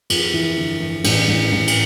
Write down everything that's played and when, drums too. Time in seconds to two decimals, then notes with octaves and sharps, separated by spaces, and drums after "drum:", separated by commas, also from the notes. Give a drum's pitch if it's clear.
0.10 F2, drum: cymbal
0.34 E3
0.58 G1
0.81 E3
1.04 A1, drum: cymbal
1.28 A1
1.52 A1
1.68 drum: cymbal